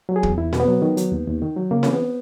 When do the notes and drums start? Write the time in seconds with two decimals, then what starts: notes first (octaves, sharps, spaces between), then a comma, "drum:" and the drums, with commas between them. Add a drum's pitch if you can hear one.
0.09 F#3
0.16 G#4
0.23 E2, drum: kick
0.38 E2 E4
0.53 B2, drum: snare C4
0.60 B3
0.68 F#3
0.82 D#3
0.97 F#3, drum: hi-hat
1.12 D#2
1.27 D#2
1.42 D#3
1.56 F#3
1.71 C#3 A#3
1.83 E3 C#4, drum: snare C4
1.93 B3